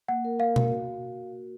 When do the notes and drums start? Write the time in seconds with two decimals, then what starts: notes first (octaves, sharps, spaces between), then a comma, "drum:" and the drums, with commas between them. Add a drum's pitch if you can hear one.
0.08 A#3 F#5
0.25 A#4
0.39 A#4 F5
0.56 F#4, drum: tom B2
0.71 F#4